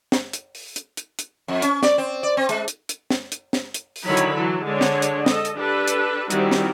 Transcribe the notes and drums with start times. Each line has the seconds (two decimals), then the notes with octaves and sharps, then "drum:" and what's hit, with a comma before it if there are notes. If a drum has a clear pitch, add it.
0.12 drum: snare
0.33 drum: hi-hat
0.55 drum: open hi-hat
0.76 drum: hi-hat
0.97 drum: hi-hat
1.19 drum: hi-hat
1.48 F2
1.62 C#4, drum: hi-hat
1.83 D5, drum: snare
1.98 C4
2.23 D5
2.37 C4
2.49 G#3, drum: hi-hat
2.68 drum: hi-hat
2.89 drum: hi-hat
3.10 drum: snare
3.32 drum: hi-hat
3.53 drum: snare
3.74 drum: hi-hat
3.96 drum: open hi-hat
4.06 D3 D#3 F#3 E4 C#5 B5
4.17 drum: hi-hat
4.35 E3 F#3 A4
4.65 D3 G#3 D4 C#5
4.81 drum: snare
5.02 drum: hi-hat
5.26 A4 D#5, drum: snare
5.45 drum: hi-hat
5.57 D4 G4 A4 B4
5.88 drum: hi-hat
6.30 D#3 G3 C4 E4 F#4 G4, drum: hi-hat
6.51 drum: snare